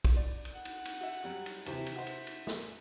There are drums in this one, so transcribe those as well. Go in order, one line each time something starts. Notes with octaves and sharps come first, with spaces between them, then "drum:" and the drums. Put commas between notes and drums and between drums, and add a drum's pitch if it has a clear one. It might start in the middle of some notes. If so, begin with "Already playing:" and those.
drum: kick, cymbal
D5
drum: cymbal
F#5
drum: cymbal
drum: cymbal
F#4 E5
F#3 G3 F#4
drum: cymbal
D#2 C3 E3 E5, drum: cymbal
drum: cymbal
F#4 C5
drum: cymbal
drum: cymbal
drum: snare